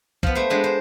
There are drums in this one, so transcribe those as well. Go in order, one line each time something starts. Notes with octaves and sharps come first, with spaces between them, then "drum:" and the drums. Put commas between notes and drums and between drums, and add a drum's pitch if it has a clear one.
F3 B3, drum: kick
A3 C5
G#3 B3 D4
C5